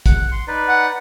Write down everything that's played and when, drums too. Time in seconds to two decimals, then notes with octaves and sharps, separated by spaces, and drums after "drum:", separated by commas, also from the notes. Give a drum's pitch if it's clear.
0.06 F#5, drum: kick, hi-hat
0.32 C6
0.48 D#4 B4 D5
0.69 F#5